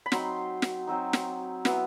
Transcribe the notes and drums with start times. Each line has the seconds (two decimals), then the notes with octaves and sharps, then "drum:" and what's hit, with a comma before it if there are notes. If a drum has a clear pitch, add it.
0.06 B5
0.12 F#3 C4 D#4 C6, drum: snare
0.62 drum: snare
0.87 F#3 C4 D#4
1.13 drum: snare
1.65 F#3 B3 E4, drum: snare